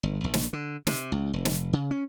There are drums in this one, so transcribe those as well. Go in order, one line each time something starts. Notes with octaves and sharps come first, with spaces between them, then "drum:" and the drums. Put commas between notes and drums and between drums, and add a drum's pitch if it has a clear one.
G1
A#1
drum: snare
D3
C3, drum: snare
C#2
F1
drum: snare
C#3
C#4